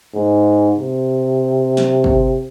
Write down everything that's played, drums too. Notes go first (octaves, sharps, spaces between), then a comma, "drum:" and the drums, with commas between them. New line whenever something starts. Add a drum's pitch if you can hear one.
G#2
C3
drum: snare
drum: kick